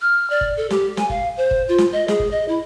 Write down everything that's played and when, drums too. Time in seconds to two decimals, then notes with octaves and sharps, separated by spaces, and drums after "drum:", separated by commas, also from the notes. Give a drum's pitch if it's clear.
0.01 F6
0.30 D5
0.41 drum: kick G1
0.57 A4
0.70 G4, drum: snare
0.97 G#5, drum: snare
1.10 F5, drum: kick G1
1.37 C5
1.51 drum: kick G1
1.69 F4
1.78 drum: snare
1.92 D#5
2.08 G#4, drum: snare
2.20 drum: kick G1
2.31 D#5
2.48 E4